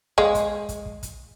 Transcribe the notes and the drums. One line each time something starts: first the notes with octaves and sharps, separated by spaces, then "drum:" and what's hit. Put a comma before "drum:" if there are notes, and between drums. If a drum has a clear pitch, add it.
G#3 F5, drum: kick
drum: kick, hi-hat
drum: kick, hi-hat
drum: kick
drum: kick, hi-hat